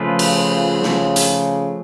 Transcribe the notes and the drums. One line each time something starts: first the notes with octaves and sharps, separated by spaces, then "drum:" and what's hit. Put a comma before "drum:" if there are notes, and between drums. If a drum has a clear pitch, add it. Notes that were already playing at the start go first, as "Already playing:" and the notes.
Already playing: C#3 F3 A3 F4 G#4 B4
drum: cymbal
C#3, drum: snare
drum: hi-hat